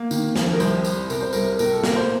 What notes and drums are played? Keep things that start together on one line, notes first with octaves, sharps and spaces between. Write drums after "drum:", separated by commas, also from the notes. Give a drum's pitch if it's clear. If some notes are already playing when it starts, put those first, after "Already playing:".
Already playing: A#3
D#3, drum: tambourine
F2, drum: snare
A#4
C2 C5, drum: tambourine
G3, drum: tambourine
C3 A#4, drum: tambourine
C5
C2 A#4, drum: tambourine
A2 A#4, drum: tambourine
A4
A#3 A#4, drum: snare
C5